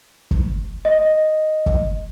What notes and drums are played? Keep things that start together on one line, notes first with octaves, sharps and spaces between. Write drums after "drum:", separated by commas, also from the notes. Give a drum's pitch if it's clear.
drum: kick
D#5
drum: kick